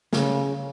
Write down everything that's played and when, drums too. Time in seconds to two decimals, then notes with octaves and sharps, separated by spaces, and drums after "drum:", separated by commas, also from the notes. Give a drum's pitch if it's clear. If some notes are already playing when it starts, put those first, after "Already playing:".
0.13 C#3, drum: snare